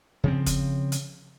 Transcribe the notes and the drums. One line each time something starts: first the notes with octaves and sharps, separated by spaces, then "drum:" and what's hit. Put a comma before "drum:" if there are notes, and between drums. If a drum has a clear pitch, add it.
C#3 F3 C4
drum: kick, hi-hat
drum: hi-hat